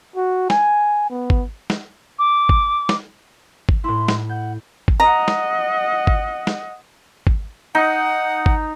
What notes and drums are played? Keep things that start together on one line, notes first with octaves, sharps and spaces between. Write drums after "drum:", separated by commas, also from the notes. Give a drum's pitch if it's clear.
F#4
G#5, drum: snare
B3
drum: kick G#1
drum: snare
D6
drum: kick G#1
drum: snare
drum: kick G#1
A2 E4 C6
drum: snare
F#5 G6
drum: kick G#1
D#5 F#5 A#5
drum: snare
drum: kick G#1
drum: snare
drum: kick G#1
D#4 F#5
drum: kick G#1